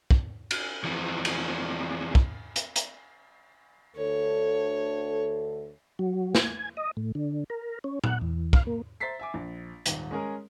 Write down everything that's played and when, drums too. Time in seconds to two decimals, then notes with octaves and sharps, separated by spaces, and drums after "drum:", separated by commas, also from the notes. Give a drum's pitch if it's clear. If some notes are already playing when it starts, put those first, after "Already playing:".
0.11 drum: kick
0.51 drum: cymbal
0.84 F2 E3
1.25 drum: cymbal
2.15 drum: kick
2.56 drum: hi-hat
2.76 drum: hi-hat
3.97 D2 D3 A4 C#5
5.99 F#3
6.35 G#5, drum: snare
6.77 D#5
6.97 A2
7.15 D3
7.50 A#4
7.84 C#4
8.04 F#5, drum: tom A#2
8.22 E2
8.53 F5, drum: kick
8.67 A#3
9.00 C5 E5 A#5 A6 B6 C7
9.19 E5 G#5 D6
9.34 A#1
9.86 D#1 G#2, drum: hi-hat
10.11 G#3 C#4 G#4 A#4